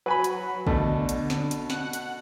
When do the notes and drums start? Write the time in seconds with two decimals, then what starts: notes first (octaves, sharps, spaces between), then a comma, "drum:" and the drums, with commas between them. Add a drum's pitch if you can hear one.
0.06 F#3 B4 G#5 B5
0.24 drum: hi-hat
0.67 B2 D3 A3, drum: kick
1.09 drum: hi-hat
1.30 drum: snare
1.51 drum: hi-hat
1.70 F#5, drum: snare
1.93 drum: hi-hat